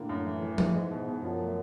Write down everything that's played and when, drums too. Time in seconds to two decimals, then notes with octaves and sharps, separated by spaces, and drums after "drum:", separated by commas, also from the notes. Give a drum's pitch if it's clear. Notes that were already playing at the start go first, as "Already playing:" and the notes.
Already playing: A2 D3 A#3
0.09 F#2
0.25 E3
0.42 E3
0.58 E3, drum: tom F3
0.74 G#2 G#3
0.91 B2
1.07 B2
1.23 F#2 F3
1.39 A3